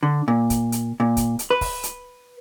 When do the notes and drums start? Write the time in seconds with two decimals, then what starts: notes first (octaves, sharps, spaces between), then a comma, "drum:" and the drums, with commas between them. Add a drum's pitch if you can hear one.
0.03 D3
0.28 A#2
0.50 drum: kick, hi-hat
0.72 drum: hi-hat
1.00 A#2
1.17 drum: kick, hi-hat
1.39 drum: hi-hat
1.50 B4
1.61 drum: kick, open hi-hat
1.83 drum: hi-hat